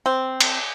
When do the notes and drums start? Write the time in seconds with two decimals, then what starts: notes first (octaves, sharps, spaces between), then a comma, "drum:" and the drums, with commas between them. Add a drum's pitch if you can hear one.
0.06 C4
0.40 drum: cymbal